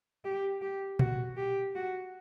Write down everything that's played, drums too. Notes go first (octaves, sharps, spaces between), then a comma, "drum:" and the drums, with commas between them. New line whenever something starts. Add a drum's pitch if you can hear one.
G4
G4
F#4, drum: tom A#2
G4
F#4